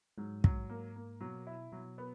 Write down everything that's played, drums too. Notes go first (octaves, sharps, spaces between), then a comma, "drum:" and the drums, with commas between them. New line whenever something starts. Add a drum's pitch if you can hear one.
G#2 F#3
F#3, drum: kick
A#3
A#3
B2 F#3
E4
B2 F#3
B3